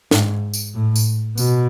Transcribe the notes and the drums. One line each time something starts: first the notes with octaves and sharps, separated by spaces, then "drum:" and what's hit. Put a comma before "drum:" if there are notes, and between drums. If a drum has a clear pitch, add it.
G#2, drum: snare
drum: tambourine
A2
drum: tambourine
B2, drum: tambourine